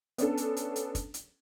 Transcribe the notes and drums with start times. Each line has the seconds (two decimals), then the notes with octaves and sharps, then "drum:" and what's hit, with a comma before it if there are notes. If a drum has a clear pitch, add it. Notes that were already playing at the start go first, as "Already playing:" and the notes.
0.18 B3 C#4 D4 A4, drum: hi-hat
0.37 drum: hi-hat
0.57 drum: hi-hat
0.76 drum: hi-hat
0.95 drum: kick, hi-hat
1.14 drum: hi-hat